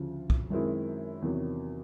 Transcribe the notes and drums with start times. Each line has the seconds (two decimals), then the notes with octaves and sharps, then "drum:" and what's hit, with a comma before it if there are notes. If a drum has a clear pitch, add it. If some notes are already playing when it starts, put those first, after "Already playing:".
Already playing: D2 C#3 F3
0.30 drum: kick
0.50 F#2 D#3 G#3 C4 E4
1.22 E2 C3 D#3 F#3